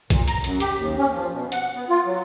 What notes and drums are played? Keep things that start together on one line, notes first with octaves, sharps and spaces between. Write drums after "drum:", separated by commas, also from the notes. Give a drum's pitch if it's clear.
A#2, drum: kick, hi-hat
A#5, drum: hi-hat
F#2, drum: hi-hat
G4, drum: hi-hat
D#2
C#4
F3
B2
F#5, drum: hi-hat
B3
F4
F#3